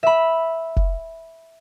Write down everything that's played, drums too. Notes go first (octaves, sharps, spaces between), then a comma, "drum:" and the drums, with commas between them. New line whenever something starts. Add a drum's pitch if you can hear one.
E5 B5
drum: kick F1